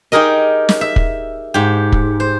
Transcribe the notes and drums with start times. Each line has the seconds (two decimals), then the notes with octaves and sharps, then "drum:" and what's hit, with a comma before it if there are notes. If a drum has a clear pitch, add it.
0.12 D#4 G4 G#4 A#4 D#5
0.69 drum: snare
0.81 E5
0.96 drum: kick
1.54 G#2 G4
1.92 drum: kick
2.20 C5